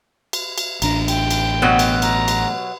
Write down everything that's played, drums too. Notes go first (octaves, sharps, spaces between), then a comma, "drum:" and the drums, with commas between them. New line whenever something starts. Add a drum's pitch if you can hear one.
drum: cymbal
drum: cymbal
A1 D4 A#5, drum: cymbal
G5, drum: cymbal
drum: cymbal
B2 F#3 B3
drum: cymbal
A#5, drum: cymbal
drum: cymbal